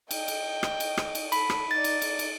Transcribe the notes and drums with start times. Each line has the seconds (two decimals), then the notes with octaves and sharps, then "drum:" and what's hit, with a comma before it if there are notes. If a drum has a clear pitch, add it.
0.11 D#5 G5, drum: cymbal
0.28 drum: cymbal
0.63 drum: rim click
0.80 drum: cymbal
0.97 drum: rim click
1.15 drum: cymbal
1.32 A4 B5, drum: cymbal
1.50 drum: rim click
1.71 D#4 D5 A6
1.84 drum: cymbal
2.02 drum: cymbal
2.19 drum: cymbal